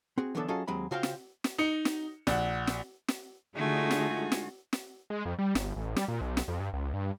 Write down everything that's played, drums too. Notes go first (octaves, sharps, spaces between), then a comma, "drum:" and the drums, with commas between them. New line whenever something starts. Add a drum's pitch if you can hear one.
C4 F#4 G#4
D3 E3 F#3 B3 D4 A4
F#3 C#4 F4 G#4 A4 D#5
D#2 F#3 G#3 C4 B5
C#3 F4 F#4 C5 F5 G5
drum: snare
drum: snare
D#4 D#5 C#7
drum: snare
A#1 F#5, drum: snare
drum: snare
drum: snare
D3 G#3 A3 D#4 F4 F#4 G#5
drum: snare
drum: snare
drum: snare
G#3
F2
G3
G1, drum: snare
A1
G3, drum: snare
A#2
B1
drum: snare
F2
G2
C#2
G2